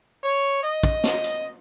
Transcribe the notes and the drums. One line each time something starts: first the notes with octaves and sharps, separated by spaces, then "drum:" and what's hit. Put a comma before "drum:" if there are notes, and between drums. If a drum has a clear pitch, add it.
C#5
D#5
drum: kick
drum: snare
drum: hi-hat